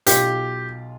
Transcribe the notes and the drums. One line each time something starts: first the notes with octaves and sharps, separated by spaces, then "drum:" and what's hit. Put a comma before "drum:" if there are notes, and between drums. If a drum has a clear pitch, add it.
B1 F4 G4 F6, drum: hi-hat